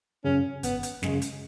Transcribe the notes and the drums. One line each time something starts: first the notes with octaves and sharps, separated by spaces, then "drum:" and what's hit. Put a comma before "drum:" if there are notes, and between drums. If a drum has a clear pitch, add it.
F#2 C#3 C#4
G#1 B3, drum: hi-hat
drum: hi-hat
F#2 C#3 G#3, drum: snare
drum: hi-hat